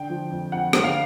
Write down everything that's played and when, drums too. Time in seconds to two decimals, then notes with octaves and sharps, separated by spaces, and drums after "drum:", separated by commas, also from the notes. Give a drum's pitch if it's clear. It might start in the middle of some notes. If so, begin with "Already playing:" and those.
Already playing: D3 G5
0.10 F3
0.31 F2
0.52 F2 F#5
0.73 D3, drum: rim click
0.84 F5